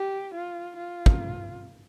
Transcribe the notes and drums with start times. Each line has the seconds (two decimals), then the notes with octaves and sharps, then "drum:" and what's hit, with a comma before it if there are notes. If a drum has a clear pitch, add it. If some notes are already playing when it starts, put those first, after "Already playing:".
Already playing: G4
0.35 F4
0.77 F4
1.06 drum: kick